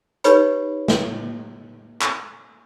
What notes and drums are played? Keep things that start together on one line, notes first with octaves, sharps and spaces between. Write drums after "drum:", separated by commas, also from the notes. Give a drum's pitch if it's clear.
D#4 G4 B4 C#5 B5, drum: hi-hat
drum: snare
drum: clap